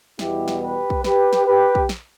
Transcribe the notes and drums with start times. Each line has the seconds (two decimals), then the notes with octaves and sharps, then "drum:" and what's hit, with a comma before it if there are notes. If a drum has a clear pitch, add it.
0.19 E2 B2 G3 E4 G4, drum: snare
0.48 drum: snare
0.61 G4 B4
0.90 drum: kick
1.04 G4 B4, drum: snare
1.33 drum: snare
1.46 G4 B4
1.75 drum: kick
1.89 drum: snare